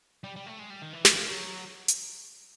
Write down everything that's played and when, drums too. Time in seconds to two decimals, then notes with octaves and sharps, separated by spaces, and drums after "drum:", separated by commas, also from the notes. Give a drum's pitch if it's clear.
0.24 G3
0.36 G3
0.46 A3
0.59 G#3
0.70 G3
0.82 D#3
0.93 E3
1.05 F3, drum: snare
1.16 F3
1.28 F#3
1.88 drum: hi-hat